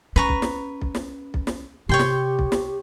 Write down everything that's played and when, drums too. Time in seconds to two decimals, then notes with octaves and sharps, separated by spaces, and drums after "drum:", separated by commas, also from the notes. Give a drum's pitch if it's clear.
0.16 C#4 B4 A#5 C#6
0.29 drum: kick B1
0.42 drum: snare
0.81 drum: kick B1
0.95 drum: snare
1.34 drum: kick B1
1.47 drum: snare
1.89 C3 G4 C#5 G5 C6
1.99 drum: snare
2.39 drum: kick B1
2.52 drum: snare